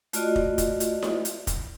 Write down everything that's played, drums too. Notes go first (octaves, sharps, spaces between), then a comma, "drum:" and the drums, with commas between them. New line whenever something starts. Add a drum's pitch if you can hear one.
A3 F4 F#4 D5 D#5, drum: hi-hat
drum: kick
drum: kick, hi-hat
drum: hi-hat
drum: snare E4
drum: hi-hat
drum: kick, hi-hat